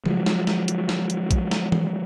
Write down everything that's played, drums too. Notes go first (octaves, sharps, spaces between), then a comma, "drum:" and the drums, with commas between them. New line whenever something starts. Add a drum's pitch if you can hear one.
F3 F#3 G#3, drum: tom C#3
drum: snare
drum: snare
drum: hi-hat
drum: snare
drum: hi-hat
drum: kick, hi-hat
drum: snare
drum: tom E3